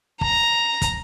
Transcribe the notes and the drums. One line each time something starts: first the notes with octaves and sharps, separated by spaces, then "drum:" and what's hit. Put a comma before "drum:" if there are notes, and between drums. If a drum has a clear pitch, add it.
A#5, drum: kick
drum: kick, hi-hat